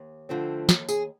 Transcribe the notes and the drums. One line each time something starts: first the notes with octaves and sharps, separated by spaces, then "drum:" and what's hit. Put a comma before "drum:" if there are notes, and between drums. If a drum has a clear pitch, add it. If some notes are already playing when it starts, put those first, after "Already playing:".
Already playing: D#2
D3 F3 A3 C4
D#2 A4, drum: snare
G#4, drum: tambourine